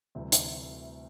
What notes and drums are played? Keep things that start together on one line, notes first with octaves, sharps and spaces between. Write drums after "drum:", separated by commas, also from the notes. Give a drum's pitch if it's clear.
D2 C3 E3 G3
drum: hi-hat